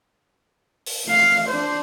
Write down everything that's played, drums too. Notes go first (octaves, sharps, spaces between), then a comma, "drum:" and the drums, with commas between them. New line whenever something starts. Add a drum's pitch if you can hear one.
drum: open hi-hat
A3 F5
D4 C5